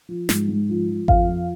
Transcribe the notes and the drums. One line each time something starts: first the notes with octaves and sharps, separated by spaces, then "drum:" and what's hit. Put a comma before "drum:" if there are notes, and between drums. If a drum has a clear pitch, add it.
F3
G#2, drum: snare
G#2
F3
F3
F2 F5, drum: kick G#1
F3